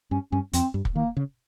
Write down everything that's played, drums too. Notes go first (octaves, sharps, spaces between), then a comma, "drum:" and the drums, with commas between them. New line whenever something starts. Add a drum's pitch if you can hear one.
G2 C#4
G2 C#4
F2 C4, drum: hi-hat
G2
drum: kick
D#3 A#3
C#3